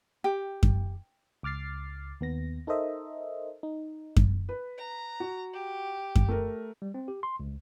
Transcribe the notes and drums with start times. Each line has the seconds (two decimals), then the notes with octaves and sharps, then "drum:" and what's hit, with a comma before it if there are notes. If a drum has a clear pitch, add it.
0.24 G4
0.63 drum: kick F#2
1.43 C#2 D6 F6 A6 C7
2.21 D#2 B3 A#6
2.67 D#4 A4 A#4 C5 D#5 E5
3.63 D#4
4.16 drum: kick F#2
4.49 B4
4.78 A#5
5.20 F#4
5.54 G4
6.15 drum: kick F#2
6.28 A3 A#4
6.82 G3
6.94 C4
7.08 G4
7.23 C6
7.40 C#2